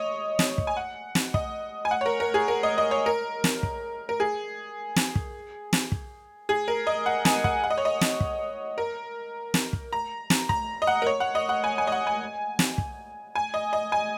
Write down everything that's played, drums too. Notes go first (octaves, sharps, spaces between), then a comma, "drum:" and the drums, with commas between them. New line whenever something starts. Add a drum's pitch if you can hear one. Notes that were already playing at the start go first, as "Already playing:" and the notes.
Already playing: C#5 D#5
drum: snare
drum: kick
G#5
F#5
drum: snare
D#5, drum: kick
G#5
F#5
C#5
A#4
A#4
G#4
A#4
D#5
D#5
C#5
A#4
drum: snare
drum: kick
A#4
G#4
drum: snare
drum: kick
drum: snare
drum: kick
G#4
A#4
D#5
F#5
G#5, drum: snare
F#5, drum: kick
F#5
D#5
C#5
D#5
drum: snare
drum: kick
A#4
drum: snare
drum: kick
A#5
drum: snare
A#5, drum: kick
D#5
F#5
A#4
C#5
F#5
D#5
F#5
G#5
G#5
D#5
F#5
G#5
drum: snare
drum: kick
G#5
D#5
D#5
G#5